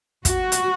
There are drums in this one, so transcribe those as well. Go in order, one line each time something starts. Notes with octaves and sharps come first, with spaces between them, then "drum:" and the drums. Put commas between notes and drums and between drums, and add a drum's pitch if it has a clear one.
F#4, drum: kick, hi-hat
drum: hi-hat